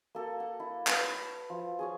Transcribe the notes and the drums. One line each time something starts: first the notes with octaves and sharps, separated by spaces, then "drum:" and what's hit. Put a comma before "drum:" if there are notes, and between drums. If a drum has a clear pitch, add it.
A#3 A4
F#5
E4
B4, drum: clap
F3
G#4 C#5 F5